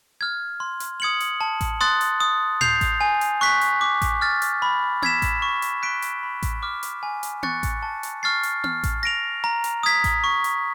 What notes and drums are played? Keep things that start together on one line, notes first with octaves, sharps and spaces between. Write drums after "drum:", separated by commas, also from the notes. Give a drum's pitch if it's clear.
F6 G#6
C6
drum: hi-hat
D#6 G#6 C#7 F#7
drum: hi-hat
A5
drum: kick A1, hi-hat
C6 D#6 F#6 A6
drum: hi-hat
D#6
G6 C7 F7, drum: tom A2
drum: kick A1, hi-hat
G#5
drum: hi-hat
C#6 F#6 B6
drum: hi-hat
D6
drum: kick A1, hi-hat
F6 A6
drum: hi-hat
B5
E6 G#6 B6 E7, drum: tom B3
drum: kick A1, hi-hat
C#6
drum: hi-hat
F#6 B6 D7 G7
drum: hi-hat
B5
drum: kick A1, hi-hat
D6 F6
drum: hi-hat
G#5
drum: hi-hat
C#6 F#6 A6 C#7, drum: tom B3
drum: kick A1, hi-hat
A5
drum: hi-hat
C#6 F6 A6 C7
drum: hi-hat
F6, drum: tom B3
drum: kick A1, hi-hat
A#6 D7 F7
A#5
drum: hi-hat
D#6 G#6 B6
drum: kick A1, hi-hat
C#6
drum: hi-hat